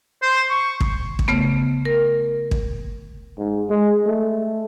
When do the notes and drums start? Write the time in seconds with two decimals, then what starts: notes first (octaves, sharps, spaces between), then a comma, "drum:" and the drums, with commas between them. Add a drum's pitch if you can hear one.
0.23 C5
0.50 C#6
0.80 drum: kick
1.19 drum: kick
1.28 C#3 A3 B3
1.85 A#4
2.51 drum: kick
3.38 G#2
3.70 G#3
4.06 A3